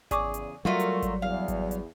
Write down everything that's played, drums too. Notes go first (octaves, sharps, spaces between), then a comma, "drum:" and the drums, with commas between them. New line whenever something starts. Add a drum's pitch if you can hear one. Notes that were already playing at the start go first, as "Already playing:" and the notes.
E2 C#3 G#4 D5 C#6 D6, drum: kick G#1, hi-hat
drum: hi-hat
F#3 G3 A3 F4 F#4 A#4
drum: hi-hat
drum: kick G#1, hi-hat
E2 F5
drum: kick G#1, hi-hat
drum: hi-hat